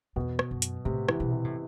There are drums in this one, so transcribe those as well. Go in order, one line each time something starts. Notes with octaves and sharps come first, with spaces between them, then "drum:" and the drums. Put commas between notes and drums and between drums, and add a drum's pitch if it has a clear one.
E2 B2
drum: rim click
F#2
drum: hi-hat
A2 C3
E3, drum: rim click
B2
C3
A2